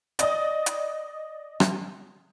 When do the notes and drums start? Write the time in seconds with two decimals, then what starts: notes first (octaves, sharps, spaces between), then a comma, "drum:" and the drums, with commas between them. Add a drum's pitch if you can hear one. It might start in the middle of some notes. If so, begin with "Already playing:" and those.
0.19 D5 D#5 D#6, drum: hi-hat
0.66 drum: hi-hat
1.60 drum: rim click